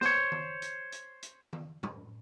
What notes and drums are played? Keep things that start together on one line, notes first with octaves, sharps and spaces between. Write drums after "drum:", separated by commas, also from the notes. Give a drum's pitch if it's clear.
C5 C#5, drum: snare
drum: tom D#3
drum: hi-hat
drum: hi-hat
drum: hi-hat
drum: tom D#3
drum: tom